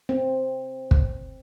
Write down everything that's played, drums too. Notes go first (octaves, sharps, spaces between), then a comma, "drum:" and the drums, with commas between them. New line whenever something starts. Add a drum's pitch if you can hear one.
C4
drum: kick